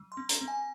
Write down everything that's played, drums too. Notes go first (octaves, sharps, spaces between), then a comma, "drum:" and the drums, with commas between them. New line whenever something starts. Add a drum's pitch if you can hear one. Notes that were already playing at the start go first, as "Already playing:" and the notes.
Already playing: F#3
C6
C4
A#5, drum: hi-hat
C4
G#5